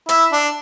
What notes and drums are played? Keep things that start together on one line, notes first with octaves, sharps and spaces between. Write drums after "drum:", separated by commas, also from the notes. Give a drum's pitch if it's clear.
E4, drum: hi-hat
D4